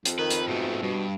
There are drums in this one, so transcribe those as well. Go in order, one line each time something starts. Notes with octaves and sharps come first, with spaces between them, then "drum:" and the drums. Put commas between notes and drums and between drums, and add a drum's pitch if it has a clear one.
F2, drum: hi-hat
D#3 B4
drum: hi-hat
G#2 B2 A3
G2 B2